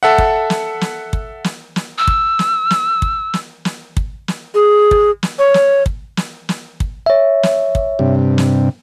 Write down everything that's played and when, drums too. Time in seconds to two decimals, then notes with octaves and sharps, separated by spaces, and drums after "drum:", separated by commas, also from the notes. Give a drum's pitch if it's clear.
0.03 A4 E5 F#5
0.18 drum: kick
0.50 drum: snare
0.81 drum: snare
1.13 drum: kick
1.44 drum: snare
1.76 drum: snare
1.98 E6
2.07 drum: kick
2.39 drum: snare
2.71 drum: snare
3.02 drum: kick
3.34 drum: snare
3.65 drum: snare
3.97 drum: kick
4.28 drum: snare
4.55 G#4
4.91 drum: kick
5.23 drum: snare
5.39 C#5
5.54 drum: snare
5.86 drum: kick
6.17 drum: snare
6.49 drum: snare
6.80 drum: kick
7.06 C#5 E5
7.43 drum: snare
7.75 drum: kick
7.99 G2 C3
8.38 drum: snare